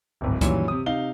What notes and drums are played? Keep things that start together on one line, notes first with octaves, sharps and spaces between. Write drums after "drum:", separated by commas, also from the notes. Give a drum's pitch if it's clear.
D1 G#1
F#2 A#2 D#3 E3 F#3 G3, drum: kick C#2, hi-hat
C3 D#6
C3 D#4 F5 G7